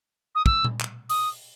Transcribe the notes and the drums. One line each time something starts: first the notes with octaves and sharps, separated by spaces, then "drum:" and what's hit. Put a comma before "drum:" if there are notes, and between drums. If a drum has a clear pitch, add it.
D#6
E6, drum: kick
drum: tom A#2
drum: clap
D#6, drum: open hi-hat